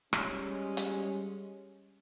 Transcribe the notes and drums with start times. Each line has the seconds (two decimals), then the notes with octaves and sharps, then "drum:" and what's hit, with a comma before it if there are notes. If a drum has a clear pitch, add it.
0.13 G3 G#3 C#4, drum: rim click
0.77 drum: hi-hat